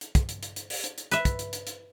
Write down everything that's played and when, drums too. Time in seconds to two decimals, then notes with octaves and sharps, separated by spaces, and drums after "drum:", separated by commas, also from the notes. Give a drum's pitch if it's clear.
0.01 drum: hi-hat
0.15 drum: kick, hi-hat
0.29 drum: hi-hat
0.43 drum: hi-hat
0.56 drum: hi-hat
0.70 drum: open hi-hat
0.84 drum: hi-hat
0.98 drum: hi-hat
1.11 B4 E5, drum: hi-hat
1.25 drum: kick, hi-hat
1.39 drum: hi-hat
1.53 drum: hi-hat
1.67 drum: hi-hat